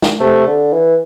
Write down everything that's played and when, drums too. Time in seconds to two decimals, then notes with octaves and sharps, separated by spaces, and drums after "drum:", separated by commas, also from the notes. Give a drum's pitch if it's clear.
0.02 drum: snare
0.20 C3 A3
0.47 D3
0.73 E3